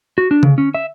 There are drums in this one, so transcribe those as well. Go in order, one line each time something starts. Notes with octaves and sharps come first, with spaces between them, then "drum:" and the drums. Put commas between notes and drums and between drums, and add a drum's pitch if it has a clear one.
F#4
D4
C#3, drum: tom D3
C#4
E5